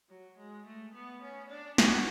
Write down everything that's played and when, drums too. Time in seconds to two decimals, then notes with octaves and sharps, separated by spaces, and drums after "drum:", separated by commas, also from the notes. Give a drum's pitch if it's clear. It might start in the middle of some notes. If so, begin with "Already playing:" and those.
0.09 F#3
0.38 G#3
0.65 A3
0.93 B3
1.22 C#4
1.49 D4
1.78 F#4, drum: snare